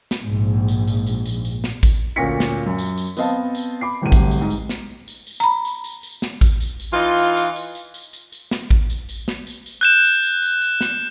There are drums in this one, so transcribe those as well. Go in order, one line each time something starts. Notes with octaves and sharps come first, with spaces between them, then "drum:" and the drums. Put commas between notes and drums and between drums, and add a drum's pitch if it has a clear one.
drum: snare
A#1 G#2
drum: tambourine
drum: tambourine
drum: tambourine
drum: tambourine
drum: tambourine
drum: snare
drum: kick A1, tambourine
D2 A#2 C#4 A#6 B6 C#7
drum: snare
F#2
drum: tambourine
drum: tambourine
B3 C4 C5 D#5 F5 A5, drum: tambourine
drum: tambourine
B5 D6 C7
D1 G1 A2 C3 D#7
drum: kick A1, tambourine
drum: tambourine
G#2
drum: tambourine
drum: snare
drum: tambourine
drum: tambourine
A#5 B5
drum: tambourine
drum: tambourine
drum: tambourine
drum: snare
drum: kick A1, tambourine
drum: tambourine
drum: tambourine
E3 D#4 F4
drum: tambourine
drum: tambourine
drum: tambourine
drum: tambourine
drum: tambourine
drum: tambourine
drum: tambourine
drum: snare
drum: kick A1
drum: tambourine
drum: tambourine
drum: snare
drum: tambourine
drum: tambourine
F#6 G6 E7
drum: tambourine
drum: tambourine
drum: tambourine
drum: tambourine
drum: snare